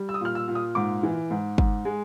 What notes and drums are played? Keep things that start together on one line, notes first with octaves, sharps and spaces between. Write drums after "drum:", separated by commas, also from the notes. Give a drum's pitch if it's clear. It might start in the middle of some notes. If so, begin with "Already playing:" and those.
Already playing: G3
E6
D#6
A#2 F6
E6
A#2
D#6
G#2 D6
E3
G#2
G#2, drum: kick
G#3